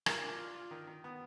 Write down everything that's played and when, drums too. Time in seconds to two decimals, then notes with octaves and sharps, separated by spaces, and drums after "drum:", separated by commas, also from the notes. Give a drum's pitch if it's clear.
0.06 F4 A#4, drum: rim click
0.22 D4
0.39 F4
0.55 F4
0.71 D#3
0.87 D#3
1.04 B3